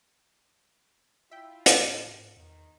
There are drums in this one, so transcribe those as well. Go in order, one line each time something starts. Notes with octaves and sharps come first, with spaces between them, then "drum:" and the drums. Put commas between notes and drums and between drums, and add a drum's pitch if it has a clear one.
E4 F4 E5 G5
A2, drum: hi-hat
G#2
E2 D#3